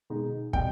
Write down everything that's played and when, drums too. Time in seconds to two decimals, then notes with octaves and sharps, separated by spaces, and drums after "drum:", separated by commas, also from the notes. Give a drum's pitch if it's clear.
0.10 B2 G#3 D#4
0.53 B2 G3 B3 G5, drum: kick